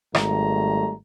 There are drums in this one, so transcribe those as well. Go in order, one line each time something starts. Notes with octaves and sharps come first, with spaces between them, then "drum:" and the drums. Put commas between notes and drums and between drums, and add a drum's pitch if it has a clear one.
G#1 G3 A3 A#5, drum: rim click